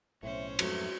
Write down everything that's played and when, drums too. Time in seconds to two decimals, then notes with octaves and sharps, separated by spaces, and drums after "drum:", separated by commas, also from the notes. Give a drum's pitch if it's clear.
0.23 B1 A2 C4 C#4 C5 C#5 E5
0.59 F2 G#2 F#3 A3 D#4 F#4, drum: cymbal